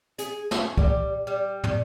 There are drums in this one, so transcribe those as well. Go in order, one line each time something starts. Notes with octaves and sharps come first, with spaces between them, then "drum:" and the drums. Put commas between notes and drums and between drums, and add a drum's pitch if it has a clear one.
G#4, drum: hi-hat
C#4, drum: snare
G3, drum: kick
G3
drum: tom